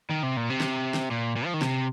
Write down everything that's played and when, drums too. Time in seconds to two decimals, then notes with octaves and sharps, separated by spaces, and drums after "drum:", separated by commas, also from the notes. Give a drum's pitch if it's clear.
0.10 D#3
0.23 C3
0.37 A#2
0.50 C3
0.60 drum: snare
0.94 drum: snare
1.11 A#2
1.36 A#2
1.45 F3
1.54 D#3
1.62 C3, drum: snare